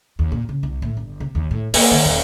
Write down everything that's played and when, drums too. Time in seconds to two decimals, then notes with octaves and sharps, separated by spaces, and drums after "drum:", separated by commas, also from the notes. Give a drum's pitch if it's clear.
0.19 D#2
0.32 A#2
0.49 C#3
0.63 C2
0.82 A2
0.97 G1
1.20 C3
1.35 D#2
1.51 A2
1.74 A#3, drum: open hi-hat
1.92 D#3
2.06 D#1